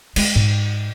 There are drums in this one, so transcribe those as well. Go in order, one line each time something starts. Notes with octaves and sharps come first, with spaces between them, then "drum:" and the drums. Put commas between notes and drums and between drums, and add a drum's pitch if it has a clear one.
G#3, drum: cymbal
G#2